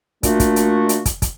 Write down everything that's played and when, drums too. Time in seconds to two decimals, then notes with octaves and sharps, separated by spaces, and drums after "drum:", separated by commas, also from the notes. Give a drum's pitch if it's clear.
0.23 A#2 A3 D4 F#4, drum: kick, hi-hat
0.40 drum: kick, hi-hat
0.56 drum: hi-hat
0.89 drum: hi-hat
1.05 drum: kick, hi-hat
1.22 drum: kick, hi-hat